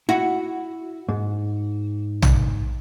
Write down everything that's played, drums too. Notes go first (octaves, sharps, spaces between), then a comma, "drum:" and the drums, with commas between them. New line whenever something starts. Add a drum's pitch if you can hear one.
E4 F#4
G#2
drum: tom A#1